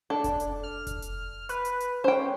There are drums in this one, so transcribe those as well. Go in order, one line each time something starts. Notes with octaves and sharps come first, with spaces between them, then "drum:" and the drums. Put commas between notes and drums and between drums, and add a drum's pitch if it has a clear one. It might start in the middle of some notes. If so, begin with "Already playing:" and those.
D4 A4
drum: kick F1, hi-hat
drum: hi-hat
F6
drum: kick F1, hi-hat
drum: hi-hat
B4, drum: hi-hat
drum: hi-hat
drum: hi-hat
C#4 C5 G5